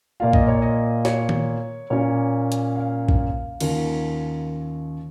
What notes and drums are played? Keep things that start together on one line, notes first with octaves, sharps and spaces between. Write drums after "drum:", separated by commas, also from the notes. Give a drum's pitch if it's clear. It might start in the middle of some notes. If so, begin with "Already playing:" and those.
A#2 A#3 F4 F5
D#5, drum: kick A#1
C#5
D#5
C#5, drum: snare
drum: tom D#3
A#2 A#3 C#4 C#5
drum: hi-hat
F5
drum: kick A#1
D#2 D#3 C#4 F4 A#4, drum: cymbal